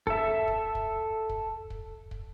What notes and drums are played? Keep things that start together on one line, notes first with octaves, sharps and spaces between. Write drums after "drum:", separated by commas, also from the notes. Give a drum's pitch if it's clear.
A4 E5, drum: kick
drum: kick
drum: kick
drum: kick
drum: kick
drum: kick